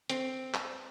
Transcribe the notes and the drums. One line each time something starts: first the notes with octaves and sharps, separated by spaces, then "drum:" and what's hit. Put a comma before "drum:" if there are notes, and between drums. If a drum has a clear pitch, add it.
C4, drum: hi-hat
drum: clap